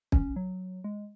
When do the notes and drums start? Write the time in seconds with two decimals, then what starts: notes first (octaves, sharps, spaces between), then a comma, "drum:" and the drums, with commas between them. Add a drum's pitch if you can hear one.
0.12 C#4, drum: kick
0.36 F#3
0.84 G#3